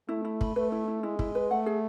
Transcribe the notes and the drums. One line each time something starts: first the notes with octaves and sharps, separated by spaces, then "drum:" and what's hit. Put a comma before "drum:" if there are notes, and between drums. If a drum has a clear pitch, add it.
A3 E4
E4
B5, drum: kick
A3 B4
E4
E4
G#3 E4
E4, drum: kick
B4
A3 F#5
G#4